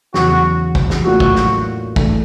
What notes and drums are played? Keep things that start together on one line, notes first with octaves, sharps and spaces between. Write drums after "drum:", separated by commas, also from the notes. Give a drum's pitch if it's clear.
E2 C#3 F#3 F#4, drum: snare
drum: kick
drum: snare
A2 F#3 A#3 D4 F4 F#4
drum: kick
drum: snare
E3 A3 D4, drum: kick